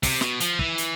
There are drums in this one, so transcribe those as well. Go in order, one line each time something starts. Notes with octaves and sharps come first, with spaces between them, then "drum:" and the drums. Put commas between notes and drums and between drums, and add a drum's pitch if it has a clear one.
C3, drum: kick, open hi-hat
B2, drum: snare
F3, drum: hi-hat
E3, drum: kick
drum: hi-hat